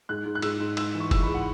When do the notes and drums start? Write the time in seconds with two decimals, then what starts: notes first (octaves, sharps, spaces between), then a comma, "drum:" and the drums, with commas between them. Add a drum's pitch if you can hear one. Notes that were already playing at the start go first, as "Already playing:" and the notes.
0.09 G#2 F#6
0.25 G#2
0.35 F#6
0.42 G#2 E6, drum: cymbal
0.60 G#2
0.77 G#2 E6, drum: cymbal
0.95 E3
1.00 C#6
1.11 E3 E6, drum: kick F1, cymbal
1.23 G#3 B5
1.34 F#5